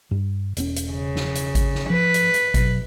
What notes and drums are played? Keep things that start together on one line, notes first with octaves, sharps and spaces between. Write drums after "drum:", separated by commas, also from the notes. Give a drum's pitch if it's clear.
G2
E1 B3 C#4, drum: hi-hat
drum: hi-hat
C#3
drum: snare
drum: hi-hat
drum: kick G#1, hi-hat
drum: snare
F3 B4
drum: hi-hat
drum: hi-hat
B2 F#3, drum: kick G#1, hi-hat